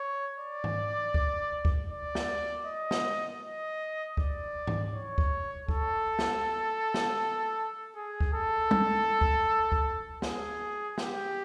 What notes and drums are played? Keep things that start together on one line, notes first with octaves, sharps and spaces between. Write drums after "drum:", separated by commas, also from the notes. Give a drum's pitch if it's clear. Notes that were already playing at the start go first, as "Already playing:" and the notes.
Already playing: C#5
D5
drum: tom
drum: kick D2
drum: kick D2
D5
drum: snare
D#5
drum: snare
D#5
D5, drum: kick D2
drum: tom
C#5
drum: kick D2
A4, drum: kick D2
drum: snare
drum: snare
G#4
drum: kick D2
A4
drum: tom
drum: kick D2
drum: kick D2
G#4, drum: snare
G4, drum: snare